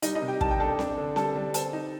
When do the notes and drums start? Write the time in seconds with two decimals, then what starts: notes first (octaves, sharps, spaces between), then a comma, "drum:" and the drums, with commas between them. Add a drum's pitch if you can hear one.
0.02 G3 D#4 D#5, drum: hi-hat
0.15 D#4 D#5
0.22 C3
0.28 G4 G5
0.41 G3 A5, drum: kick
0.51 G5
0.60 D4 A4 A5
0.79 D4, drum: snare C4
0.98 D3
1.16 G3 A4 A5, drum: snare C4
1.36 G3
1.54 C4 A4 A5, drum: hi-hat
1.73 D#4